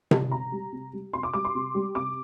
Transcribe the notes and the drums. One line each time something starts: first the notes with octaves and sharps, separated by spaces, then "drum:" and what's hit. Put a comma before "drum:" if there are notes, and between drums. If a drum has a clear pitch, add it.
G3, drum: tom C3
C3 A#5
G3
C3
G3
C3 C6
D6
G3 D6
C6
C3
G3
C3 D6